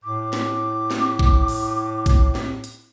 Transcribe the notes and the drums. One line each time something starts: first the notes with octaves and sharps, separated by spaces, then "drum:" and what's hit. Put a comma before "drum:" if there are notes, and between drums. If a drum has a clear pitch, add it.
A2 D6
drum: snare
drum: snare
drum: kick A1
drum: open hi-hat
drum: kick A1, hi-hat
drum: snare
drum: hi-hat